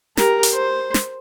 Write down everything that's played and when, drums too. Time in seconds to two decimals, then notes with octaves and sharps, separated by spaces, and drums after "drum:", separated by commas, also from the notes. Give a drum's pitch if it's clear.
0.17 G4 A#4, drum: snare
0.43 drum: hi-hat
0.53 C5
0.94 drum: snare